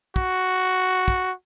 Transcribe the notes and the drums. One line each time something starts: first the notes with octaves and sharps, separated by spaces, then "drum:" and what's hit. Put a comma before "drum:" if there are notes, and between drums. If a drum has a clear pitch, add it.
F#4, drum: kick
drum: kick